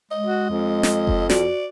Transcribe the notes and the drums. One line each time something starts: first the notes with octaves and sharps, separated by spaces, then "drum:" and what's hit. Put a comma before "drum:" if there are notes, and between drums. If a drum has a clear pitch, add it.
G#3 D#5
F#4
F2
drum: snare
drum: kick F#1
F#4 D5, drum: snare